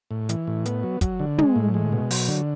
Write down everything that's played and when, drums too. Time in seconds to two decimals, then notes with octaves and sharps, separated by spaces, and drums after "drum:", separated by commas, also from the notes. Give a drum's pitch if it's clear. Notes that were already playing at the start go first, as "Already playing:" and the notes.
0.11 A2
0.29 E3, drum: hi-hat
0.47 A2
0.66 B3, drum: hi-hat
0.83 F#3
1.01 F#3, drum: kick, hi-hat
1.19 D3
1.38 G#3, drum: tom
1.56 A2
1.74 G#3
1.92 B2
2.11 F#3, drum: open hi-hat
2.28 D3